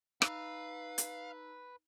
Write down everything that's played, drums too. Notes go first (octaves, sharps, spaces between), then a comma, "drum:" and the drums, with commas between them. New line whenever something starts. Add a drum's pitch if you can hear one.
D#4 B4 F5 A#5 E6, drum: rim click
drum: hi-hat